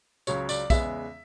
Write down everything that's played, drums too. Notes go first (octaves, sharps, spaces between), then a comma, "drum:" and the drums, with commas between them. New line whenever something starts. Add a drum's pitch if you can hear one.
C#2 C#3 F#3 C#5, drum: tambourine
D5, drum: tambourine
E2 C#3 G#3 B3 E5, drum: kick, tambourine